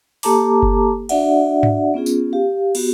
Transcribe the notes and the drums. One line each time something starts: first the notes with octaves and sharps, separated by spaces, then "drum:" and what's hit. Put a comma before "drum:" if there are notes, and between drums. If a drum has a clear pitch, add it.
A#3 G4 A4 A5 A#5 D6, drum: open hi-hat
drum: kick F#1
D4 F#4 D5 E5 F#5, drum: cymbal
drum: tom G#2
B3 C#4 F4 G#4
drum: tambourine
G4 F5
B3 F#4 G4, drum: cymbal